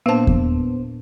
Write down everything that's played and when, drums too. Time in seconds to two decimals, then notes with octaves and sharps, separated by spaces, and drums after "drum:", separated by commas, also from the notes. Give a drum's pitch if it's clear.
0.06 A#2 A#3 B3 D4 C5 A5
0.27 drum: kick E2